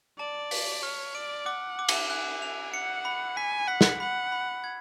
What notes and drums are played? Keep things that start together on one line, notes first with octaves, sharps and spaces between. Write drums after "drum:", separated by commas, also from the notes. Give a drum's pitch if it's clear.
D5 A5
B6, drum: open hi-hat
C#5 F6
D5 D7
F#5 D6
D6
drum: cymbal
G#5 F#6
F7
F#5 C#7
B5
G#5 B6
F#5 B6
drum: snare
F#5 B5
B5
G#6